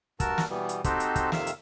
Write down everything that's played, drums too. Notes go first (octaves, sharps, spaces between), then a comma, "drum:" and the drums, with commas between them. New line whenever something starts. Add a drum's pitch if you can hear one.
G2 F#4 A#4 A5 E6, drum: kick, hi-hat
drum: snare
B2 E3 G3 B3
drum: hi-hat
C4 D#4 F#4 G4 A4 C5, drum: kick, hi-hat
drum: hi-hat
drum: kick, hi-hat
F2 C3 D#3 E5 F5 E6, drum: snare
drum: hi-hat